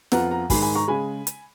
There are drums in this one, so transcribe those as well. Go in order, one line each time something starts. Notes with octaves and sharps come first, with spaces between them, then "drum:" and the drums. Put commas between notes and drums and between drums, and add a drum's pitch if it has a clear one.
F2 F3 B3 F4 F#5 A#5, drum: snare
F#5 A#5
G#2 D#3 G#3 G#5 B5, drum: kick, open hi-hat
G#5 B5
A#5 C#6
C#3 G#3 G#5 B5
drum: hi-hat